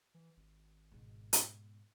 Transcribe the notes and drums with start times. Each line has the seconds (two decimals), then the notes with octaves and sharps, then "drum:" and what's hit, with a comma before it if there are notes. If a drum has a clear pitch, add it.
0.14 E3
0.37 G#1
0.91 G#2 B2
1.33 drum: hi-hat